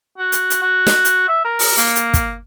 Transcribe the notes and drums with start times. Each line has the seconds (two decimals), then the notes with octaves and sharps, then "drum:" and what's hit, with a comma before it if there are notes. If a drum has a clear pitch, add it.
0.18 F#4
0.32 drum: hi-hat
0.50 drum: hi-hat
0.62 F#4
0.87 drum: snare
1.05 drum: hi-hat
1.28 E5
1.45 A#4
1.59 drum: open hi-hat
1.77 A#3, drum: hi-hat
1.95 drum: hi-hat
2.14 drum: kick, hi-hat